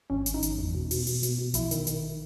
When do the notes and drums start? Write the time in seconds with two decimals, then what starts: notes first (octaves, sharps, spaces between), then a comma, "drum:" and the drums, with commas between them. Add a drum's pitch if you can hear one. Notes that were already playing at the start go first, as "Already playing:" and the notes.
0.10 G#1 C#4
0.26 G#1, drum: hi-hat
0.34 D#4
0.43 G#1, drum: hi-hat
0.59 E2
0.75 B2
0.91 B2, drum: open hi-hat
1.07 B2, drum: open hi-hat
1.23 B2, drum: hi-hat
1.39 B2
1.54 A#1 E4, drum: hi-hat
1.71 D#3, drum: hi-hat
1.87 D#3, drum: hi-hat